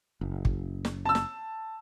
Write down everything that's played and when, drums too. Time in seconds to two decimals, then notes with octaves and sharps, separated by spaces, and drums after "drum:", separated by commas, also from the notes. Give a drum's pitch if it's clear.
0.21 F#1
0.45 drum: kick
0.85 drum: snare
1.05 A5 E6
1.15 drum: snare